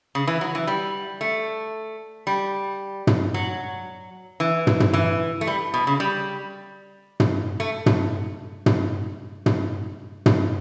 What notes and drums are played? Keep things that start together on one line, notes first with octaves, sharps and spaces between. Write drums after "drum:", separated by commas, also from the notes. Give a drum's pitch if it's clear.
C#3
E3
F#3
E3
G3
A3
G3
drum: tom
F#3
E3
drum: tom
drum: tom
E3
A3
G3
B2
C#3
G3
drum: tom
A3
drum: tom
drum: tom
drum: tom
drum: tom